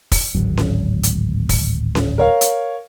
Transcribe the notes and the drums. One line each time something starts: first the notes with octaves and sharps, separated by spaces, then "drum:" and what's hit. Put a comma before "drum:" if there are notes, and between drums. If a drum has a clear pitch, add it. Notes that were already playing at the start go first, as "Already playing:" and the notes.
drum: kick, open hi-hat
D1 G#1 F#3
drum: snare C#4
drum: hi-hat
drum: kick, open hi-hat
drum: snare C#4
A#4 C#5 F5
drum: hi-hat